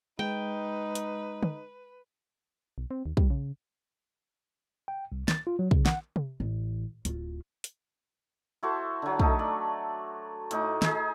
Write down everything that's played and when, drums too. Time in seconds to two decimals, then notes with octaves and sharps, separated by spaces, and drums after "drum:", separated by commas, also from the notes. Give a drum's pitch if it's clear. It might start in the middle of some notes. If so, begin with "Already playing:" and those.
0.19 G#3 D#4 B4 G5
0.95 drum: hi-hat
1.43 drum: tom
2.78 B1
2.91 C4
3.06 D#2
3.17 G3, drum: kick
3.30 C#3
4.88 G5
5.12 C2
5.28 A6, drum: snare
5.47 F4
5.59 F#3
5.71 C#3, drum: kick
5.86 F#5, drum: snare
6.16 drum: tom C3
6.40 A1
7.05 D1 F4, drum: hi-hat
7.64 drum: hi-hat
8.63 E4 F#4 A4 C5
9.02 D3 F#3
9.20 A3 D#4, drum: kick
9.39 D5
10.51 A2 D#4 D6, drum: hi-hat
10.82 D#4 G#4, drum: snare